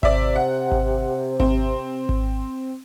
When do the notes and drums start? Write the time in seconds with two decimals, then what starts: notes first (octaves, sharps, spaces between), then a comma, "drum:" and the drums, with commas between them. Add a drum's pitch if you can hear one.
0.03 C3 D5 E5, drum: kick G#1
0.36 F#5
0.72 drum: kick G#1
1.40 C4, drum: kick G#1
2.09 drum: kick G#1